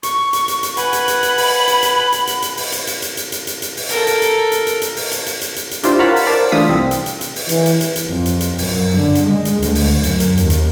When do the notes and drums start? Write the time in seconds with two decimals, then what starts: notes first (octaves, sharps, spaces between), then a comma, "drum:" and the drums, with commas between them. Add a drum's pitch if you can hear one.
0.03 C#6, drum: hi-hat
0.33 drum: hi-hat
0.48 drum: hi-hat
0.63 drum: hi-hat
0.77 B4 F#5 G#5 B5, drum: hi-hat
0.93 drum: hi-hat
1.08 drum: hi-hat
1.23 drum: hi-hat
1.38 drum: open hi-hat
1.68 drum: hi-hat
1.83 drum: hi-hat
2.12 drum: hi-hat
2.27 drum: hi-hat
2.42 drum: hi-hat
2.57 drum: open hi-hat
2.72 drum: hi-hat
2.87 drum: hi-hat
3.02 drum: hi-hat
3.17 drum: hi-hat
3.32 drum: hi-hat
3.47 drum: hi-hat
3.62 drum: hi-hat
3.77 drum: open hi-hat
3.89 A4 A#4, drum: hi-hat
4.07 drum: hi-hat
4.22 drum: hi-hat
4.52 drum: hi-hat
4.67 drum: hi-hat
4.82 drum: hi-hat
4.97 drum: open hi-hat
5.12 drum: hi-hat
5.26 drum: hi-hat
5.41 drum: hi-hat
5.56 drum: hi-hat
5.71 drum: hi-hat
5.83 D4 E4 F4 G4 C5, drum: hi-hat
5.99 A#4 C#5 F5 F#5 A5 B5
6.16 drum: open hi-hat
6.27 A#4 C5 D5 A5
6.52 E3 A3 D4 F4 D#6 B6
6.69 C2 C4
6.91 drum: hi-hat
7.06 drum: hi-hat
7.21 drum: hi-hat
7.36 drum: open hi-hat
7.49 E3, drum: hi-hat
7.66 drum: hi-hat
7.81 drum: hi-hat
7.96 drum: hi-hat
8.06 F2
8.26 drum: hi-hat
8.40 drum: hi-hat
8.58 F#2, drum: open hi-hat
8.97 D3
9.15 drum: hi-hat
9.25 G#3
9.45 drum: hi-hat
9.62 D2, drum: hi-hat
9.75 drum: open hi-hat
10.03 F#2, drum: hi-hat
10.20 drum: hi-hat
10.37 D#2, drum: hi-hat
10.50 drum: hi-hat